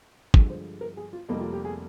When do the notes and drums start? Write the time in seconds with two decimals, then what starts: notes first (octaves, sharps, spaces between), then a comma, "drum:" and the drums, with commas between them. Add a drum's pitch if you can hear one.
0.34 G2 D3 F3 G#3, drum: kick
0.50 C5
0.81 A#4
0.97 G#4
1.13 F4
1.29 F1 F2 C3 G3 A#3 D#4
1.41 F4
1.53 G4
1.65 G#4